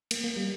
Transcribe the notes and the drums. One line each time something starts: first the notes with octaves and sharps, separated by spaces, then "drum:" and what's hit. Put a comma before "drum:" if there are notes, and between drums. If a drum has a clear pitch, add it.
A#3, drum: cymbal
A#3
G3